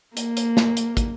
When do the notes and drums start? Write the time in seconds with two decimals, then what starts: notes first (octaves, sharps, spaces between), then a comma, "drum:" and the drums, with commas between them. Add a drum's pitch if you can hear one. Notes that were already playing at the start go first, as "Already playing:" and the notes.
0.17 A#3, drum: hi-hat
0.37 drum: hi-hat
0.57 drum: snare
0.77 drum: hi-hat
0.97 drum: kick, hi-hat